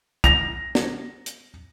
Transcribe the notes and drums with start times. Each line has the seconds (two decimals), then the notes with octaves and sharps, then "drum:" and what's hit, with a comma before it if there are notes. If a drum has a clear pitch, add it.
0.24 A#6 F7, drum: kick, hi-hat
0.75 drum: snare
1.26 drum: hi-hat